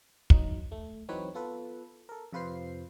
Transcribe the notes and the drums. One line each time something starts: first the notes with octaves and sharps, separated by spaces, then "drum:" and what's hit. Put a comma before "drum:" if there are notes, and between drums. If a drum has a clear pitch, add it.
F#3 D#4, drum: kick
A3
E3 F#3 C4 D#4 B4 C#5
B3 F4 A4 B4
A4 A#4
F2 C3 F4 B4 C5 C7